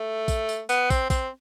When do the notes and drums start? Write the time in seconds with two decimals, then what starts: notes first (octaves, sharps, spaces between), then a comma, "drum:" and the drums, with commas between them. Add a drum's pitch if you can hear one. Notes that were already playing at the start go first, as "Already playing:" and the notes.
Already playing: A3
0.28 drum: kick, tambourine
0.49 drum: tambourine
0.69 B3, drum: tambourine
0.90 C4, drum: kick, tambourine
1.10 C4, drum: kick, tambourine